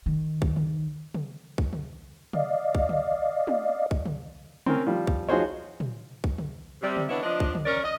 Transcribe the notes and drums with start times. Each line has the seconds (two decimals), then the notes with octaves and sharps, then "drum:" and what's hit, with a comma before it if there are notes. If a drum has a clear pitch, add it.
0.06 D#3
0.42 drum: kick
0.56 drum: tom
1.14 drum: tom
1.58 drum: kick
1.73 drum: tom
2.33 D5 D#5 F5, drum: tom
2.75 drum: kick
2.89 drum: tom
3.47 drum: tom
3.91 drum: kick
4.06 drum: tom
4.66 C4 C#4 A#4, drum: tom
4.87 F3 G3
5.07 drum: kick
5.29 F3 D#4 F#4 G#4 C5 C#5
5.80 drum: tom
6.24 drum: kick
6.38 drum: tom
6.82 C3 G3
6.97 drum: tom
7.09 B3 D4 E4 A4 C#5 D#5
7.23 F3 D4 D#5
7.40 drum: kick
7.55 drum: tom
7.65 C#4 A#4 D5
7.84 D#5